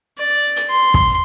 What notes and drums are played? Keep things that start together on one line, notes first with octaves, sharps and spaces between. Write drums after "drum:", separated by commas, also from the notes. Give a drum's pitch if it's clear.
D5
drum: hi-hat
C6
drum: kick